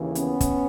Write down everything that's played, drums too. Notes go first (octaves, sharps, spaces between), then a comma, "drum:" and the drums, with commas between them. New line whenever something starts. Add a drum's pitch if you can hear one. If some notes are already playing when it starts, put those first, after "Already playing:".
Already playing: D#2 C#3 E3
B3 C#4, drum: hi-hat
drum: kick, hi-hat